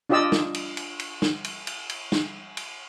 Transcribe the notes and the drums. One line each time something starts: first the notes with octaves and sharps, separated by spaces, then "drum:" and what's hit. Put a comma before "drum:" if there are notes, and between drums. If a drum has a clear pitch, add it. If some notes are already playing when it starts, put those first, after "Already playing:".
D4 F4 G4 D5 D#5 E6
drum: snare
drum: cymbal
drum: cymbal
drum: cymbal
drum: snare
drum: cymbal
drum: cymbal
drum: cymbal
drum: snare
drum: cymbal